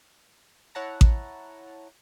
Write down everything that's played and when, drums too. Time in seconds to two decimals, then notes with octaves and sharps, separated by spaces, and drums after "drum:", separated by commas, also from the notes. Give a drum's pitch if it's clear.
0.75 E4 C#5 F#5 A5 A#5
1.01 drum: kick A1